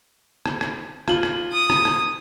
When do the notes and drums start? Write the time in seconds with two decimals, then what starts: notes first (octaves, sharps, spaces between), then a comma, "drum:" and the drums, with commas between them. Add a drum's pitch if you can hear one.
0.46 drum: rim click
0.61 drum: rim click
1.08 F4 F#7, drum: rim click
1.23 drum: rim click
1.53 D#6
1.70 drum: rim click
1.85 drum: rim click